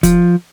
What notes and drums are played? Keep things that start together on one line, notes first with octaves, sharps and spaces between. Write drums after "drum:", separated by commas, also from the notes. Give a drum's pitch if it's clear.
F3, drum: kick, hi-hat